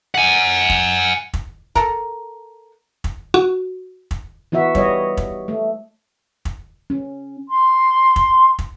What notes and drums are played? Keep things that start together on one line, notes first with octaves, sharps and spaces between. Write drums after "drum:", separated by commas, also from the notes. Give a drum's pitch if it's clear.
F#5 G#5
drum: kick
drum: kick
A4 A#4, drum: kick
drum: kick
F#4
drum: kick
E3 B3 F#4 E5
G3 C#5 D#5, drum: kick
drum: kick
A3
drum: kick
C#4
C6
drum: kick
drum: kick